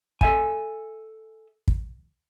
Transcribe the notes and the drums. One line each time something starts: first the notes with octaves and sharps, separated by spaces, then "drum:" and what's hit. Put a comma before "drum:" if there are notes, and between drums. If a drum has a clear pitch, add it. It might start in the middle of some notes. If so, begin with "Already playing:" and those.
A4 E5 G#5, drum: kick
drum: kick